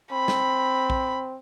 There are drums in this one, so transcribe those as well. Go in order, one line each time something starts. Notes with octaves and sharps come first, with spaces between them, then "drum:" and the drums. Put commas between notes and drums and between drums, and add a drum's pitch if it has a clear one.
C4 B5
drum: snare
drum: kick A#1